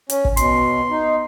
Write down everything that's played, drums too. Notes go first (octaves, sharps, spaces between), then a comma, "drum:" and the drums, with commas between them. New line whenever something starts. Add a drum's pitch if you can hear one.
C#4, drum: hi-hat
drum: kick
B2 C6, drum: hi-hat
D#4